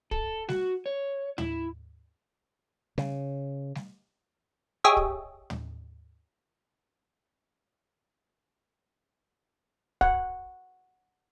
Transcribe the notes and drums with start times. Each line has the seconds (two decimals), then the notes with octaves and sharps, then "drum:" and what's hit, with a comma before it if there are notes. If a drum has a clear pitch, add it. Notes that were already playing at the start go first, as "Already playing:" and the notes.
0.11 A4, drum: kick
0.49 F#4, drum: snare
0.86 C#5
1.38 E4, drum: tom
2.98 C#3, drum: snare
3.75 drum: snare
4.84 G4 G#4 C#5 D#5 E5
4.97 drum: kick
5.50 drum: tom
10.01 F#5, drum: kick